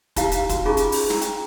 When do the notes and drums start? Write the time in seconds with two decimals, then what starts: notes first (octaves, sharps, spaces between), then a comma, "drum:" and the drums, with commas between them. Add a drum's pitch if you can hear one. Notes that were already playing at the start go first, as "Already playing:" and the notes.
0.16 D#4 E4 G4 F5 A#5, drum: kick, hi-hat
0.32 drum: hi-hat
0.49 F#4, drum: kick, hi-hat
0.65 C#4 D#4 F4 G#4 A#5 C#6
0.77 drum: hi-hat
0.92 drum: open hi-hat
1.10 A#5, drum: snare
1.21 G5, drum: hi-hat